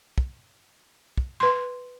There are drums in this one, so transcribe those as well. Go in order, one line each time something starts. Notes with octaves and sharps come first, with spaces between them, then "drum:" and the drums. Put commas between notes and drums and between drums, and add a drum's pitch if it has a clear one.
drum: kick
drum: kick
B4 C6